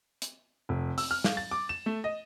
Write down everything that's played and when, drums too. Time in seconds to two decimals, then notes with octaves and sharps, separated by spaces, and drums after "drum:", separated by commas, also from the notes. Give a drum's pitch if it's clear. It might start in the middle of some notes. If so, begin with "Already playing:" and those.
0.22 drum: hi-hat
0.69 F1
0.98 E6, drum: open hi-hat
1.11 F6
1.24 F5, drum: snare
1.37 A6
1.51 D6
1.69 E7
1.86 A3
2.04 D#5